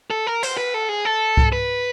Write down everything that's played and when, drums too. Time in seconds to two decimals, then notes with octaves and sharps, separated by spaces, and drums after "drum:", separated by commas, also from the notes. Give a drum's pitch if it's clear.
0.10 A4
0.27 A#4
0.43 C5, drum: cymbal
0.57 B4
0.74 A4
0.89 G#4
1.05 A4
1.37 drum: kick C2
1.53 B4